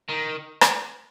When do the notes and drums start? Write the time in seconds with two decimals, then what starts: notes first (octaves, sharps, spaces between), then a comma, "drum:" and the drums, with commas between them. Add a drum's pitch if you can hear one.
0.09 D#3
0.61 drum: rim click